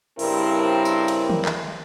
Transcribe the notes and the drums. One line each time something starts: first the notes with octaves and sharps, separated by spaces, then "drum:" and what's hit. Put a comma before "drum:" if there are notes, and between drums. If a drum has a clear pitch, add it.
G2 C#3 G3 C4 E4 A#4, drum: open hi-hat
drum: tambourine
drum: cymbal
drum: tom
drum: clap